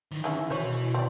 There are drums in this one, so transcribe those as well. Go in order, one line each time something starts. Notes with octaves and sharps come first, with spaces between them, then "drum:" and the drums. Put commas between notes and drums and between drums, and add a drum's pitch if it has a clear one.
D#3 E3, drum: open hi-hat
C#4 E4 G#4, drum: hi-hat
B2 E3 C5 C#5
drum: hi-hat
C4 D5